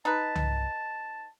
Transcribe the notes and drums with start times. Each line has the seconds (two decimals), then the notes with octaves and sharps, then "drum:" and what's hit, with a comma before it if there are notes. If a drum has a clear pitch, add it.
0.05 D#4 B4 A5
0.35 drum: tom C2